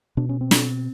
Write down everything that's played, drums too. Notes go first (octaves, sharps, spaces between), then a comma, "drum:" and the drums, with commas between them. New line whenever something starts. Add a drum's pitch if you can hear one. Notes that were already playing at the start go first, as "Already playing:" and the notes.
B2 D4
C#4
C4
drum: snare